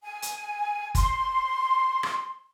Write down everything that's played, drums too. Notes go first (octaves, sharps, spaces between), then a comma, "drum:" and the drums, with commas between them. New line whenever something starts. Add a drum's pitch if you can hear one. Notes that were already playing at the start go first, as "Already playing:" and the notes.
G#5
drum: hi-hat
C6, drum: kick, hi-hat
drum: rim click